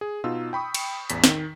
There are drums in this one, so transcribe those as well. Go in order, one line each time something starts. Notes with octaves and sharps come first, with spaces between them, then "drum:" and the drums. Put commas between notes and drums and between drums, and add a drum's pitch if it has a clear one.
G#4
B2 D#4 F4 E6
G5 B5 C#6 D#6
drum: cymbal
A1 E2 B6, drum: hi-hat
D#3, drum: snare